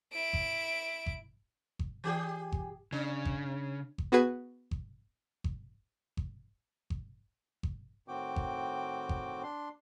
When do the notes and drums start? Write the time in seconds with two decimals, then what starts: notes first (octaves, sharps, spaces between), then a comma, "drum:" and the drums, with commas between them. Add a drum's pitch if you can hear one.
0.13 E4 D7
0.33 drum: kick G1
1.06 drum: kick G1
1.79 drum: kick G1
2.04 E3 G4 G#4
2.52 drum: kick G1
2.92 C#3 D4
3.25 drum: kick G1
3.98 drum: kick G1
4.12 B3 F#4 G#4 B4 G#6
4.71 drum: kick G1
5.44 drum: kick G1
6.17 drum: kick G1
6.90 drum: kick G1
7.63 drum: kick G1
8.08 A2 D#3 C4 F#4 G5 D6
8.36 drum: kick G1
9.09 drum: kick G1
9.43 D4 C6